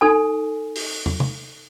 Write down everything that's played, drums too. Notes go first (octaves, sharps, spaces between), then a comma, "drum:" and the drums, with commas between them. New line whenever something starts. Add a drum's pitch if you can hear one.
D#4 A4 G#5
drum: open hi-hat
drum: tom
drum: tom